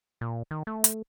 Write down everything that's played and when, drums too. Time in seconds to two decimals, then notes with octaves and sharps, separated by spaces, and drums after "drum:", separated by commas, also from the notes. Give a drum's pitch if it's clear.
0.21 A#2
0.51 D#3
0.67 A3
0.84 drum: hi-hat